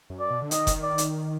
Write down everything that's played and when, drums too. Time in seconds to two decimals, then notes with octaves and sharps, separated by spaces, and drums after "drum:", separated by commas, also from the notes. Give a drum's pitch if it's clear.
0.10 F#2
0.20 D5
0.30 B2
0.42 D3
0.51 D#3 D#5, drum: hi-hat
0.67 drum: kick F1, hi-hat
0.83 D5
0.98 drum: hi-hat